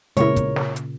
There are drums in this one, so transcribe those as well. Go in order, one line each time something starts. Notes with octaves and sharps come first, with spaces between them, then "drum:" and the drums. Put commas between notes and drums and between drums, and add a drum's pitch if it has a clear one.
A#2 C#3 G#3 B3 E4 A#4 C#5, drum: hi-hat
drum: kick, hi-hat
drum: snare
drum: hi-hat